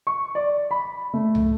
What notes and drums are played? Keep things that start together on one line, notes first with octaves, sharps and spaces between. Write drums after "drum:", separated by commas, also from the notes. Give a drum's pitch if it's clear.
C#6
D5
B5
A3
drum: tom